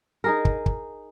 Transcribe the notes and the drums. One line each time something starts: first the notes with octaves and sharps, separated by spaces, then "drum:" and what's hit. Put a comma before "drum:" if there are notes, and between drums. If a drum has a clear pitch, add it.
D#4 G#4 A#4
drum: kick
drum: kick